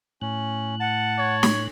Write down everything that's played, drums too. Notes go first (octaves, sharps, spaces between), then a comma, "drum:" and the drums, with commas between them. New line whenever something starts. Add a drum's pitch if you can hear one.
A2 C#4 F#6
F#5 A5
C#5
drum: snare